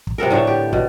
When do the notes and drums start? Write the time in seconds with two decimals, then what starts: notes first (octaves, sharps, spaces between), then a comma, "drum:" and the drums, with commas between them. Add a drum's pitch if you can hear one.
0.07 drum: kick
0.18 C3 B3 A4 A#4
0.30 A2 D3 A3 C#5
0.47 G4
0.73 B2, drum: kick